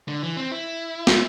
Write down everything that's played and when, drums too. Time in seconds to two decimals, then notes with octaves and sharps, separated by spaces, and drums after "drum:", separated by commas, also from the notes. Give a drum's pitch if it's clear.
0.08 D3
0.23 E3
0.37 C4
0.52 E4
1.07 drum: snare